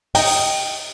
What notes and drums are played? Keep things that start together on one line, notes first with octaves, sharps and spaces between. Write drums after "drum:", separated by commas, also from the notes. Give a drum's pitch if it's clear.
D#4 G5, drum: open hi-hat